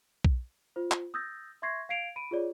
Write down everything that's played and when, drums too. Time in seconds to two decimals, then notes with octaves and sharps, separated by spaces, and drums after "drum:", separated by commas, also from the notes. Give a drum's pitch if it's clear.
0.25 drum: kick B1
0.76 F4 C5
0.92 drum: clap
1.14 D#6 E6 G6 A6 A#6
1.62 E5 C6 C#6 G#6 A#6 C7
1.89 F5 G#6 C7 D7 F7
2.16 B5 D7 D#7
2.31 F4 G#4 C#5 D5